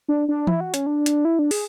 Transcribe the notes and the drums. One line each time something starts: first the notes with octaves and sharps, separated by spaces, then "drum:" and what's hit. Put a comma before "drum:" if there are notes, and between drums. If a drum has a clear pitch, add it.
D4
D4
E4, drum: tom E3
F#4
C#4, drum: hi-hat
D4
drum: hi-hat
E4
D4
G#4, drum: open hi-hat